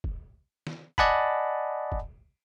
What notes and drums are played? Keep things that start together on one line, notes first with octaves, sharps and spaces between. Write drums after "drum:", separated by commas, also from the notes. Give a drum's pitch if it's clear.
drum: kick
drum: snare
D5 D#5 F#5 G#5 A5 B5, drum: kick
drum: kick